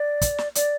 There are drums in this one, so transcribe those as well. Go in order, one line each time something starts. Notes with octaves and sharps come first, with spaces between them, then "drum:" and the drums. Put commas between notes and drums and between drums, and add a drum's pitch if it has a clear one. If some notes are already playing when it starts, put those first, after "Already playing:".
Already playing: D5
drum: kick, hi-hat
drum: snare
D5, drum: hi-hat